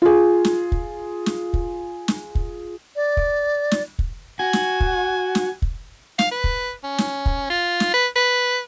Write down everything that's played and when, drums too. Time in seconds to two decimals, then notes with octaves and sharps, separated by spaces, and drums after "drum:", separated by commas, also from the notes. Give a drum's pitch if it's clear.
0.02 F4 G#4
0.45 drum: snare
0.72 drum: kick
1.26 drum: snare
1.54 drum: kick
2.08 drum: snare
2.35 drum: kick
2.96 D5
3.17 drum: kick
3.71 drum: snare
3.99 drum: kick
4.40 F#4 G#5
4.53 drum: snare
4.80 drum: kick
5.35 drum: snare
5.62 drum: kick
6.19 F5, drum: snare
6.31 B4
6.44 drum: kick
6.83 C#4
6.98 drum: snare
7.26 drum: kick
7.50 F4
7.80 drum: snare
7.94 B4
8.16 B4